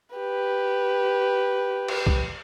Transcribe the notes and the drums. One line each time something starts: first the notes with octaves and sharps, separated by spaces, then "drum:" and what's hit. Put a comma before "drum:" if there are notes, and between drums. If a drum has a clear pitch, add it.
G4 B4
drum: cymbal
drum: kick